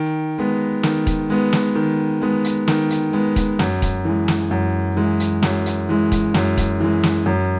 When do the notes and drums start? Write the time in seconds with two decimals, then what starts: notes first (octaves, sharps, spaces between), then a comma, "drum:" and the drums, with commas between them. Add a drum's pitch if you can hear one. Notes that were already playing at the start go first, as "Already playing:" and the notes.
Already playing: D#3
0.38 G#3 B3
0.83 D#3, drum: snare
1.07 drum: kick, hi-hat
1.30 G#3 B3
1.53 drum: snare
1.75 D#3
2.22 G#3 B3
2.44 drum: hi-hat
2.68 D#3, drum: snare
2.90 drum: hi-hat
3.13 G#3 B3
3.36 drum: kick, hi-hat
3.59 F#2, drum: snare
3.82 drum: kick, hi-hat
4.05 E3 G#3
4.28 drum: snare
4.51 F#2
4.97 E3 G#3
5.20 drum: hi-hat
5.43 F#2, drum: snare
5.66 drum: hi-hat
5.89 E3 G#3
6.12 drum: kick, hi-hat
6.34 F#2, drum: snare
6.58 drum: kick, hi-hat
6.80 E3 G#3
7.03 drum: snare
7.26 F#2